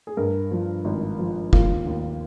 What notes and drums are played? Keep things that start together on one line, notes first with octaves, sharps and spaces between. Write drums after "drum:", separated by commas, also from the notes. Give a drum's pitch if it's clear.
G#4
G2 A#4
F3
G#1
F3
D#2 F4, drum: kick F1
D#2